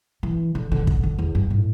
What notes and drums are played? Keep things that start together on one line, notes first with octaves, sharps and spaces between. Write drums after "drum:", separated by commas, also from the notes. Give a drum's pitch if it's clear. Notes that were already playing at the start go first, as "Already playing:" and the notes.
E3
D3
D3
D3, drum: kick
D3
E2
G2
A2